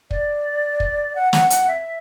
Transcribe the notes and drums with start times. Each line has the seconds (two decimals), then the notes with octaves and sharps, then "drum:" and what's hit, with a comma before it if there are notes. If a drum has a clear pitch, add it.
0.11 D5, drum: kick
0.80 drum: kick
1.15 F#5
1.33 F#5, drum: snare
1.50 F#5, drum: hi-hat
1.68 E5